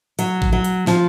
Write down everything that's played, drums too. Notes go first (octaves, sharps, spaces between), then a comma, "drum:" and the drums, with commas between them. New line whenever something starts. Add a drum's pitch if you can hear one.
F#3, drum: hi-hat
drum: kick A1
F#3
drum: hi-hat
F3, drum: snare